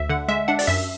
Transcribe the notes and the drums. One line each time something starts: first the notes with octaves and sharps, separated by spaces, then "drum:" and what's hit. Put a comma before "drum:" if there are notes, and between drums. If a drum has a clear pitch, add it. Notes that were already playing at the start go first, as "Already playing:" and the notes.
Already playing: D2 E5
D3 F#5
G#3 E5
D4 F#5
D5, drum: open hi-hat
F#2 E5